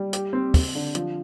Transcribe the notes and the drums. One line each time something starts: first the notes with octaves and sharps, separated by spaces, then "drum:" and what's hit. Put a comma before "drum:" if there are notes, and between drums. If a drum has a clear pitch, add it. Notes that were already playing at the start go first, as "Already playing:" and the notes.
Already playing: G3
G4, drum: hi-hat
C4
C4, drum: kick, open hi-hat
D3
F3, drum: hi-hat